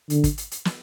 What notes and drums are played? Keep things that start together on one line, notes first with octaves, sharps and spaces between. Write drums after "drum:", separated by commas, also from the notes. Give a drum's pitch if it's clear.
D3, drum: hi-hat
drum: kick, hi-hat
drum: hi-hat
drum: hi-hat
drum: snare